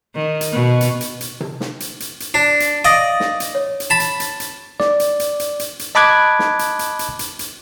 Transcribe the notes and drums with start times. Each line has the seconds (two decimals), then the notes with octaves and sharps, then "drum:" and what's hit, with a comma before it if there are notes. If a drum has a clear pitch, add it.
0.15 D#3
0.41 drum: hi-hat
0.52 B2
0.81 drum: hi-hat
1.01 drum: hi-hat
1.21 drum: hi-hat
1.40 drum: tom C3
1.60 drum: snare
1.80 drum: hi-hat
2.00 drum: hi-hat
2.20 drum: hi-hat
2.34 D4
2.60 drum: hi-hat
2.85 D5 D#5 F5 D#6 A#6
3.20 drum: snare
3.40 drum: hi-hat
3.55 C#5
3.80 drum: hi-hat
3.90 A5 B5
4.00 drum: hi-hat
4.20 drum: hi-hat
4.40 drum: hi-hat
4.80 D5, drum: snare
5.00 drum: hi-hat
5.20 drum: hi-hat
5.39 drum: hi-hat
5.59 drum: hi-hat
5.79 drum: hi-hat
5.95 D#5 A5 B5 D6 F#6 G#6
6.39 drum: snare
6.59 drum: hi-hat
6.79 drum: hi-hat
6.99 drum: hi-hat
7.19 drum: hi-hat
7.39 drum: hi-hat